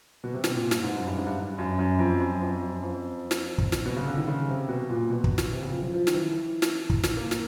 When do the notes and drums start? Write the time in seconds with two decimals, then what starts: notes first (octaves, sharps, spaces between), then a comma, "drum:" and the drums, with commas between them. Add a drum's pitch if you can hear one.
0.24 B2
0.33 C3
0.44 B2, drum: snare
0.55 A#2
0.71 G2, drum: snare
0.83 G#2
0.96 F#2
1.06 G2
1.17 G#2
1.27 G2
1.38 G2
1.58 F#2
1.79 F#2
1.99 F2
2.21 F#2
2.42 F2
2.62 F#2
2.83 F2
3.31 drum: snare
3.58 drum: kick
3.72 drum: snare
3.86 B2
3.96 C#3
4.06 D3
4.18 D#3
4.28 C#3
4.48 C3
4.69 B2
4.89 A#2
5.10 B2
5.24 drum: kick
5.38 drum: snare
5.52 C3
5.62 C#3
5.72 F3
5.82 F3
5.94 F3
6.07 D#3, drum: snare
6.13 E3
6.62 drum: snare
6.90 drum: kick
7.03 drum: snare
7.17 A#3
7.31 drum: snare